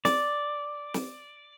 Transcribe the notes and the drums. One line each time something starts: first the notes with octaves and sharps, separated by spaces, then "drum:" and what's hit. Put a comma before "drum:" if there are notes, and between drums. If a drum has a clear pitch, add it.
D5, drum: snare
drum: snare